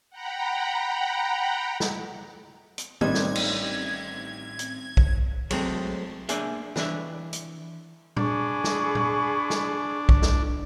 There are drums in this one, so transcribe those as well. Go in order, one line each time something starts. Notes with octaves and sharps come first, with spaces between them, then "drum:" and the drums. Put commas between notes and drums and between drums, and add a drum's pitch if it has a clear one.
F#5 G5 A#5 B5
drum: snare
drum: hi-hat
A1 D#3 G3 C4 D4 D#4 G#6, drum: tom D#3
drum: snare
drum: cymbal
drum: hi-hat
drum: kick
F#3 G#3 A3 C4, drum: cymbal
A#3 D4 G#4 E5, drum: hi-hat
E3 D4 E5, drum: snare
drum: hi-hat
D4 G#4 B5 C#6, drum: tom A#2
drum: snare
drum: tom A#2
drum: snare
drum: kick
drum: snare